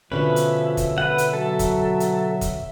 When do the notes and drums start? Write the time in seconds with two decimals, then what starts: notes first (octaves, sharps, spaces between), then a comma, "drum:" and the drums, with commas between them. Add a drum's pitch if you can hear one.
0.12 B2 D3 F3 C#4 B4 E5
0.36 drum: hi-hat
0.77 drum: kick, hi-hat
0.98 B4 F#5
1.18 drum: hi-hat
1.33 F#3 A4
1.59 drum: kick, hi-hat
2.00 drum: hi-hat
2.41 drum: kick, hi-hat